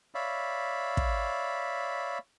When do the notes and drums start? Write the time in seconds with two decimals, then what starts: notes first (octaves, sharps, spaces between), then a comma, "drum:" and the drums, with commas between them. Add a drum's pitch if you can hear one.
0.15 C#5 D5 E5 F5 B5
0.97 drum: kick